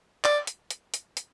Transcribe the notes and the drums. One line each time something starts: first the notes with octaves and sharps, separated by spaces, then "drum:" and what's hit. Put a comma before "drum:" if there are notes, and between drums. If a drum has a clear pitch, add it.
D5, drum: clap
drum: hi-hat
drum: hi-hat
drum: hi-hat
drum: hi-hat